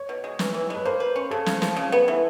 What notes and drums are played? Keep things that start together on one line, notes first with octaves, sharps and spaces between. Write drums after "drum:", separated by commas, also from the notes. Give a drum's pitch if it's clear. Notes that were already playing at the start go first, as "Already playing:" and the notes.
Already playing: C#5
B2
G#3
E3, drum: snare
E3
G#3 B4
A#3 C5
B4
C#4
C#3 A4
C#3, drum: snare
F3, drum: snare
C#3
B3
E3